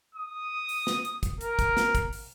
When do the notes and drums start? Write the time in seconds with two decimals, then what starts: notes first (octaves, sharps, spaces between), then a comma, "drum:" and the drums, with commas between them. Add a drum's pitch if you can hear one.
0.15 D#6
0.69 drum: open hi-hat
0.87 drum: snare
1.05 drum: hi-hat
1.23 drum: kick, hi-hat
1.41 A#4, drum: hi-hat
1.59 drum: kick, hi-hat
1.77 drum: snare
1.95 drum: kick, hi-hat
2.13 drum: open hi-hat